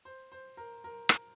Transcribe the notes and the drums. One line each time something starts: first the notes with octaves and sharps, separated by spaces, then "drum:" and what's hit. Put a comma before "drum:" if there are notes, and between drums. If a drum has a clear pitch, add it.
C5
C5
A#4
A#4
drum: rim click